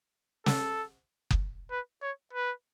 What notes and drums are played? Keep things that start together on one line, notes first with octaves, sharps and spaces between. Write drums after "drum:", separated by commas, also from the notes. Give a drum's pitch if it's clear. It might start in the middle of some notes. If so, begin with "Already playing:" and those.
A4, drum: snare
drum: kick F#1
B4
C#5
B4